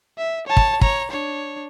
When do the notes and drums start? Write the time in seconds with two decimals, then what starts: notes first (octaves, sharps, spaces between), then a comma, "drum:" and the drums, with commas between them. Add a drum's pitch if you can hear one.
0.18 E5
0.47 C#5 A5
0.57 drum: kick
0.81 C#5 A#5, drum: kick
1.11 D4 C#5